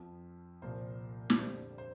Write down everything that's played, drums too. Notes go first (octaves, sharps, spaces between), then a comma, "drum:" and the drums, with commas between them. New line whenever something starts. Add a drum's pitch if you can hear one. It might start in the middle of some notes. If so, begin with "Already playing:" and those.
Already playing: F2 F3
C2 A#2 F3 C5
drum: snare
F2 D3 G3 C5
C5